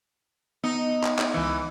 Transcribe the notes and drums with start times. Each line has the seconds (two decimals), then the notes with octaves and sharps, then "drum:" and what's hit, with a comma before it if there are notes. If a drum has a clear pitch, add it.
0.64 B3 D#4 E6 C#7
1.04 drum: clap
1.19 drum: clap
1.34 C#2 E3 C#7